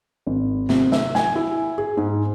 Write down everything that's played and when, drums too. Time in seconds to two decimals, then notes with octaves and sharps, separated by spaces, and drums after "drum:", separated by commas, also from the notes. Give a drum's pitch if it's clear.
0.26 G#1
0.69 C3, drum: snare
0.92 E5, drum: snare
1.15 G#5, drum: snare
1.36 E4
1.78 G#4
1.97 G#2